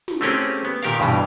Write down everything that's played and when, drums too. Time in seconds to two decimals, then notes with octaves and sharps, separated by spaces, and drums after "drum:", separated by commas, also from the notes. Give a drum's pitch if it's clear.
0.08 drum: snare
0.21 A3 A#3 C4 C#4 G4 G#4
0.39 drum: open hi-hat
0.65 B3
0.83 A#2 D#3 G4 A#4 F5
1.00 G2 B2 E3